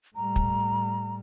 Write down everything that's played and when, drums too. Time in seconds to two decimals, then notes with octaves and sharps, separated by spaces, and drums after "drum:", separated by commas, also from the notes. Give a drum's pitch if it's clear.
0.16 A2 G3 A#5
0.36 drum: kick